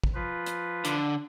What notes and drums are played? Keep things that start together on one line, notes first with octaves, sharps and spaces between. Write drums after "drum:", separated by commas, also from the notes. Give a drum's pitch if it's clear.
drum: kick
F3 F4 B4
drum: hi-hat
D3, drum: hi-hat